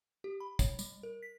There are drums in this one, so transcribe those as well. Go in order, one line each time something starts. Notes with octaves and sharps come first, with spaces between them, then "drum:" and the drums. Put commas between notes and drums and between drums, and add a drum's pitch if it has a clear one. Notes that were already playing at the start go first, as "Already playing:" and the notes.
G4
B5
C#5, drum: kick, tambourine
G3, drum: tambourine
A#4
B6